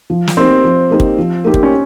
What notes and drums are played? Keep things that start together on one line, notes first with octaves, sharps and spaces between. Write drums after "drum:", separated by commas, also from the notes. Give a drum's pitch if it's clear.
F3
drum: snare
A#3 C4 D#4 G4
F3
A#3 D#4 G4
drum: kick
F3
A#3 D#4 G4
drum: kick
C#4